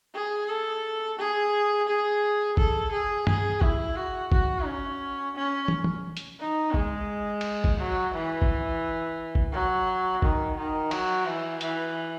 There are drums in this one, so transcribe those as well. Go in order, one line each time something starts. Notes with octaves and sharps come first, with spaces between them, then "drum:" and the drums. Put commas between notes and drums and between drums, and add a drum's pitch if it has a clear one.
G#4
A4
G#4
G#4
A4, drum: kick G1
G#4
G#4, drum: tom
E4, drum: kick G1
F#4
F#4, drum: kick G1
C#4
C#4
drum: tom
drum: tom
drum: hi-hat
D#4
G#3, drum: kick G1
drum: cymbal
drum: kick G1
F#3
E3
drum: kick G1
drum: kick G1
F#3
D#3, drum: kick G1
D#3
F#3, drum: cymbal
E3
E3, drum: hi-hat